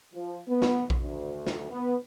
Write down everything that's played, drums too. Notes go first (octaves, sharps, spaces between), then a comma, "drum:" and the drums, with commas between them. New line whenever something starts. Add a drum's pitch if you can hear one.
F3
B3
drum: snare
drum: kick A#1
D2
drum: snare
B3